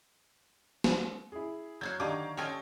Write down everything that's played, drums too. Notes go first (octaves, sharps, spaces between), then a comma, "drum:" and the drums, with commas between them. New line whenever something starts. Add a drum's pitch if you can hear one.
drum: snare
E4 G#4
F#3 A#3 F#4 G6 G#6
D3 D#3 G4 F5 A5 A#5 C#6 D6
C#4 F4 A4 C#5 D#5 G5